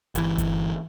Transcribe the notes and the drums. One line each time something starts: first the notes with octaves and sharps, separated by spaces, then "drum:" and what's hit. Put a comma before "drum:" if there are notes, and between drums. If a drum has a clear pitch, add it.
G1 E3, drum: hi-hat
drum: kick G1, hi-hat